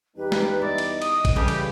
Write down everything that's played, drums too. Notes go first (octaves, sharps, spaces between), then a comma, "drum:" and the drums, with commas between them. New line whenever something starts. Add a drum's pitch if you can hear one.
E2 G3 D#4 G4 B4
drum: snare
E4 D5 D#5
drum: cymbal
D#6, drum: cymbal
drum: kick A#1, cymbal
C#3 E3 G3 G4 A4
drum: cymbal